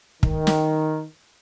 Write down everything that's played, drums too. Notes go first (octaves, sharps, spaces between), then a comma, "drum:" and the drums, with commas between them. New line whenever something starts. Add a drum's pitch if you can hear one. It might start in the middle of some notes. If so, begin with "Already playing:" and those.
D#3, drum: kick
drum: snare